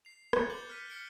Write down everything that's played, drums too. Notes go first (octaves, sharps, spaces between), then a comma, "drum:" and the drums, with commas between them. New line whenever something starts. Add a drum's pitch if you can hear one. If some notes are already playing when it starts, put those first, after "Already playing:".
C7 F7
F#6 G6 A6 C#7 F7, drum: rim click
D6 G6 A6 F#7 G7
F6 F#6 B6 C#7 D#7
F6 B6 C#7 D7 G7